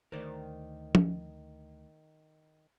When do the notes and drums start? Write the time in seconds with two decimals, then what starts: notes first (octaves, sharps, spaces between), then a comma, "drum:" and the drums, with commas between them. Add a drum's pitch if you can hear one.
0.12 D2 D#3 A#4 C5 D5
0.95 drum: tom